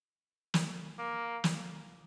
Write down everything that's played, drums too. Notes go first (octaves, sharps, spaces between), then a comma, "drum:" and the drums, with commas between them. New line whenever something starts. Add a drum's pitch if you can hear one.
drum: snare
A#3
drum: snare